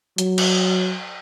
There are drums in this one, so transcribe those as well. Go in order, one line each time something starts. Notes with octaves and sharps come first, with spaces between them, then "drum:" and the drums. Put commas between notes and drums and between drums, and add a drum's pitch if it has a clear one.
F#3, drum: hi-hat
drum: cymbal